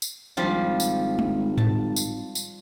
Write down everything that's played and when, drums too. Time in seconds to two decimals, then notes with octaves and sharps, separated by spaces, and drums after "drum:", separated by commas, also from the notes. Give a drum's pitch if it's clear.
0.02 drum: tambourine
0.37 G#1 F3 G3 F4
0.80 drum: tambourine
1.19 drum: tom G#3
1.58 A5, drum: tom G#2
1.96 drum: tambourine
2.35 drum: tambourine